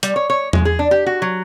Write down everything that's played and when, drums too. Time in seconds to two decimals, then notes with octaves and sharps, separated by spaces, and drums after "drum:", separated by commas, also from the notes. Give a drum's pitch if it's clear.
0.03 G3, drum: hi-hat
0.16 C#5
0.30 C#5
0.53 G#3, drum: tom E2
0.65 G#4
0.79 D4
0.91 G4
1.06 F#4
1.22 F#3